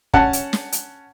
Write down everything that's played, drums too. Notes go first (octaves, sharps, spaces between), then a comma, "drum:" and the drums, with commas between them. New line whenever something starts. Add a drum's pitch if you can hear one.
C#4 F#5 A5, drum: kick
drum: hi-hat
drum: snare
drum: hi-hat